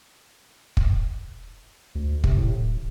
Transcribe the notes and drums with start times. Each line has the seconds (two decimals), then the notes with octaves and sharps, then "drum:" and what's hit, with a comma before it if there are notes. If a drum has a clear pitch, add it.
0.77 drum: kick
1.95 D2
2.24 C3, drum: kick
2.38 A2
2.60 D1